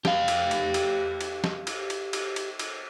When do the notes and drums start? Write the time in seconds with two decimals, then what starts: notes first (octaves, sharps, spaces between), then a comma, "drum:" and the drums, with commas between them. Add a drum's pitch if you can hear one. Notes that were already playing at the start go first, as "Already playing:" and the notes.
0.05 G4 F5, drum: snare
0.28 drum: cymbal
0.51 drum: cymbal
0.74 drum: cymbal
1.21 drum: cymbal
1.44 drum: snare
1.67 drum: cymbal
1.90 drum: cymbal
2.13 drum: cymbal
2.36 drum: cymbal
2.59 drum: cymbal